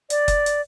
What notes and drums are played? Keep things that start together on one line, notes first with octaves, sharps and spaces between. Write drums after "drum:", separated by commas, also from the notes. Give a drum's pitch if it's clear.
D5, drum: hi-hat
drum: kick F#1, hi-hat
drum: hi-hat